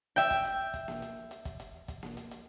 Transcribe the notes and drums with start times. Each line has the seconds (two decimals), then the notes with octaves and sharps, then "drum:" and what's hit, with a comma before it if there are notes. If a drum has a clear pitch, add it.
0.16 E5 G5, drum: hi-hat
0.31 drum: kick, hi-hat
0.45 drum: hi-hat
0.74 drum: kick, hi-hat
0.88 drum: snare A#3
1.02 drum: hi-hat
1.31 drum: hi-hat
1.45 drum: kick, hi-hat
1.60 drum: hi-hat
1.88 drum: kick, hi-hat
2.03 drum: snare A#3
2.17 drum: hi-hat
2.31 drum: hi-hat